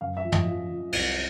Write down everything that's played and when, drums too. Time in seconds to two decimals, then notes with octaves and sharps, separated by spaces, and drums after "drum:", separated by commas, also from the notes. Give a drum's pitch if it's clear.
0.01 F#2 F5
0.17 E5
0.24 F3
0.32 D#5, drum: tom
0.47 F3
0.70 F3
0.93 C2, drum: cymbal